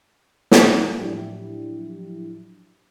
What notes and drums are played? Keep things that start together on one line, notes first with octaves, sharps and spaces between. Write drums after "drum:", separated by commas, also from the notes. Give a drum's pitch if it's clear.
drum: snare
A2 F3 F#3 D4 E4 G4